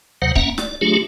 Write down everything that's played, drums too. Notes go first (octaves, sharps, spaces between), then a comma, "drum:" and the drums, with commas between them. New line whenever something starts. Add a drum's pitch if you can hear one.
D#2 C3 F#3 C5 F#5
A#3 C#4 E5 F#5 A#5, drum: kick C#1
D5, drum: snare
F#3 A3 D4 F4 G4 G#4